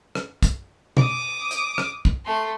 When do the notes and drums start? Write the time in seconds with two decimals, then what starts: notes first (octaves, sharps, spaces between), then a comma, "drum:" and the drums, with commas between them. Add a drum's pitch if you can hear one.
0.15 drum: rim click
0.43 drum: kick, hi-hat
0.97 D6 D#6, drum: tom B2
1.51 drum: hi-hat
1.78 drum: rim click
2.05 drum: kick
2.25 A3 C6